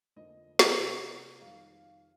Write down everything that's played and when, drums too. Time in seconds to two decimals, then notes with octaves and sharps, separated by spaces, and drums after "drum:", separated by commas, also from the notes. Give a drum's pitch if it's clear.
0.16 F2 D3 F3 A#3 D#5
0.59 drum: snare
0.79 C3 F3 A3
1.41 F2 D#3 G3 F5